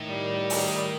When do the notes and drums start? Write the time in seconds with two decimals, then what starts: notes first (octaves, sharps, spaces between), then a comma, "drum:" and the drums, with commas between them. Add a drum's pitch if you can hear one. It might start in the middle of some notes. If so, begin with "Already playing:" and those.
Already playing: A2 D#3
0.09 G3
0.50 D#3, drum: open hi-hat